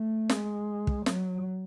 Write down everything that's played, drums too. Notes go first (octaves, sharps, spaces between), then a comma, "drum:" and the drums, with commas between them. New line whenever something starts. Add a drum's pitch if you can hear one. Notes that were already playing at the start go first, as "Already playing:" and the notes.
Already playing: A3
G#3, drum: snare
drum: kick
F#3, drum: snare